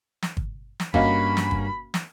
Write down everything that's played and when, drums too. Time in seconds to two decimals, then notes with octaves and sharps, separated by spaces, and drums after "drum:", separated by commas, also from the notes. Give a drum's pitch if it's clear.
0.22 drum: snare
0.37 drum: kick
0.80 drum: snare
0.94 G2 A#3 C#4 F#4 D#5 F5 B5, drum: kick
1.37 drum: snare
1.51 drum: kick
1.94 drum: snare